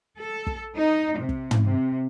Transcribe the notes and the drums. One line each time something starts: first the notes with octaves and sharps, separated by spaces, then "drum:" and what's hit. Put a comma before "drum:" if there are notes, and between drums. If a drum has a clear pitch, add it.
A4
drum: kick
D#4
C3
drum: kick
drum: tom
C3